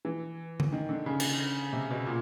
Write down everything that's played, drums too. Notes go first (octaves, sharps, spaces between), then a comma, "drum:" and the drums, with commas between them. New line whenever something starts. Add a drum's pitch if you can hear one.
E3
drum: tom D3
D#3
D3
C#3
drum: cymbal
C3
B2
A#2